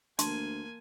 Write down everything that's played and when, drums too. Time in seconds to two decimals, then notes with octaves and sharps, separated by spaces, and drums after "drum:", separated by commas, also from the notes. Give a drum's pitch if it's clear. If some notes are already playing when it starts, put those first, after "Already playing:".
0.19 D2 A#3 D4 G#5 A5 C6, drum: hi-hat